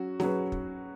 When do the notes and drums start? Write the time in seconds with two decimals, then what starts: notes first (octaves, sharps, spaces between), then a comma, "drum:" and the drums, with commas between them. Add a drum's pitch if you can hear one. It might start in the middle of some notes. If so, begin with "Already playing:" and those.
Already playing: F#3 C#4 F#4
0.20 F#3 C#4 G#4 B4, drum: snare
0.52 drum: kick